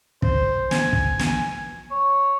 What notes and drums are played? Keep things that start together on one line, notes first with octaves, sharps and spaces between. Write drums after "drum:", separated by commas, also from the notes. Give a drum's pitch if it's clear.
C5, drum: kick
G#5, drum: snare
drum: kick
drum: snare
C#5